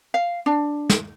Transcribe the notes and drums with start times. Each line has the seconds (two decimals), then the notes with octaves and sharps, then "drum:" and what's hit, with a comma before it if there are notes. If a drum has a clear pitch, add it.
0.14 F5
0.46 D4
0.90 drum: snare